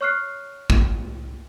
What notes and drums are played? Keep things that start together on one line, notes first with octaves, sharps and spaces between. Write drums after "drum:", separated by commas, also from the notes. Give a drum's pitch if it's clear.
C#5 C#6 F6 F#6 C7
drum: kick